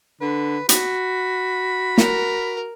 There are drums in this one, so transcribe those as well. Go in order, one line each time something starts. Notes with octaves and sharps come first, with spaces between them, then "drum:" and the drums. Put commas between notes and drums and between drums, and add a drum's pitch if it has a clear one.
D3 B4
F#4 B5, drum: hi-hat
A#4, drum: snare